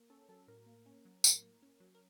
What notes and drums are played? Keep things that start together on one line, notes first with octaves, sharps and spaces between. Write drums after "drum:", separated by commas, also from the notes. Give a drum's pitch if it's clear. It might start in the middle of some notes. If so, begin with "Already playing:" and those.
Already playing: A#3
C#4 A4
F#3 A4
A2 A#4
A#3
C#4
F#3
A2, drum: tambourine
A#3
C#4
F#3
A#4